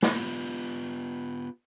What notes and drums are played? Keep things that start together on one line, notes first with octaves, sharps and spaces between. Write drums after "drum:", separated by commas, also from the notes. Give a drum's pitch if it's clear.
B3 F4 G4, drum: snare